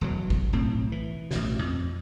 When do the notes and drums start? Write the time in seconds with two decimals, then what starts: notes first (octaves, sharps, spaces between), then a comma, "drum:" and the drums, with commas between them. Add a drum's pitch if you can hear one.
0.01 E1 E3 F#3
0.30 drum: kick G1
0.53 B1 A2 C4
0.92 E3
1.31 A1 B2, drum: snare
1.62 F2